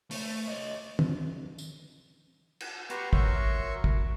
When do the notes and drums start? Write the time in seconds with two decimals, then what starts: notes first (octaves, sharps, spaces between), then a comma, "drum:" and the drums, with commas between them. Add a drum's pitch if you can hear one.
0.11 A3, drum: open hi-hat
0.47 C#5 D#5
0.99 drum: tom
1.58 drum: tambourine
2.60 drum: cymbal
2.90 G4 B4 F#5 A#5 C6 C#6, drum: hi-hat
3.13 F#4 A#4 C#5 E5 C6 C#6, drum: kick
3.84 drum: kick